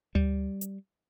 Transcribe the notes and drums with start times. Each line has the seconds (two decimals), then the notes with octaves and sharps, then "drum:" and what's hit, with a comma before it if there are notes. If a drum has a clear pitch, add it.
0.15 G3, drum: tom D2
0.61 drum: hi-hat